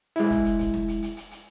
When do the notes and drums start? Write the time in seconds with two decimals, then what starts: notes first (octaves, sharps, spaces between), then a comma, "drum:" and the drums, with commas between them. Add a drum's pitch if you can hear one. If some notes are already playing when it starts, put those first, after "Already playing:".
0.16 G#3 E4, drum: hi-hat
0.30 drum: kick, hi-hat
0.45 drum: hi-hat
0.59 drum: kick, hi-hat
0.74 drum: snare
0.88 drum: hi-hat
1.02 drum: hi-hat
1.17 drum: hi-hat
1.31 drum: hi-hat